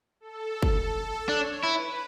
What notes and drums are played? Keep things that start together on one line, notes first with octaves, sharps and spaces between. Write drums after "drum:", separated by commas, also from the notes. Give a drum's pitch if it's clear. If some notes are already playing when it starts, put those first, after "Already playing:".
A4
drum: kick
D4 C#5
E4 B4